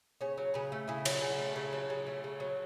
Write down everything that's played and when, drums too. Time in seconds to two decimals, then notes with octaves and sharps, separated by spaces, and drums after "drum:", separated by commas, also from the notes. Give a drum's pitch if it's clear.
0.21 C#3 C#5
0.38 F#3
0.54 C#3 B4
0.72 A3
0.88 C#3 E4
1.05 F#3, drum: cymbal
1.22 C#3
1.39 A3
1.56 C#3
1.73 F#3
1.90 C#3
2.07 A3
2.24 C#3
2.40 F#3